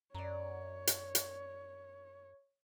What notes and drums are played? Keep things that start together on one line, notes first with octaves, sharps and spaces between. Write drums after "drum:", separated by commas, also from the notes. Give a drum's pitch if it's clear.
F#2 C#5 D5 A#5
drum: hi-hat
drum: hi-hat